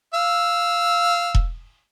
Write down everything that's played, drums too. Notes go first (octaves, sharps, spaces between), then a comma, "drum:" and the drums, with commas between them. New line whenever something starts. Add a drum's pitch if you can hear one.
F5 E6
drum: kick E1